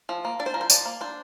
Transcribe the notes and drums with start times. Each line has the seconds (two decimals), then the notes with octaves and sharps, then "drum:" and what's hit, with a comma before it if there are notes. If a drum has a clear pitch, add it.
0.09 F3
0.25 A#3
0.39 D4 D5
0.46 C5
0.54 F3 A#4
0.61 C5
0.70 F3 D5, drum: tambourine
0.85 A#3
1.01 D4 C5